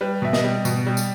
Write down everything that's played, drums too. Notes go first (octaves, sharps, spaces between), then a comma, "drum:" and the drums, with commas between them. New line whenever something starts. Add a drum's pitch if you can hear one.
G3 B4
B2 E5
D#5, drum: snare
G3
B2, drum: tambourine
G3
drum: tambourine